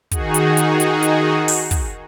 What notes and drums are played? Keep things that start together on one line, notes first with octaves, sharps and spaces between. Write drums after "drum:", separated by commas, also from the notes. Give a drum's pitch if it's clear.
D#3 D#4 F#4 G#4, drum: kick, hi-hat
drum: hi-hat
drum: hi-hat
drum: hi-hat
drum: hi-hat
drum: open hi-hat
drum: kick, hi-hat